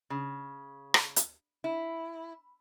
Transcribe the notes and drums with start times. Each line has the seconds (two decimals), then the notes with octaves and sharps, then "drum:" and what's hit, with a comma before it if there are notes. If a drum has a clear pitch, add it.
0.10 C#3
0.94 drum: rim click
1.16 drum: hi-hat
1.64 E4